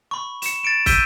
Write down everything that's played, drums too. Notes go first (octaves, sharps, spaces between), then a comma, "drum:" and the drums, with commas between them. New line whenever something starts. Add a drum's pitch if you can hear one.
B5 C#6
C#7 E7, drum: hi-hat
A6 C#7 D7 E7
E6 G6 B6 D7 D#7 G7, drum: kick, hi-hat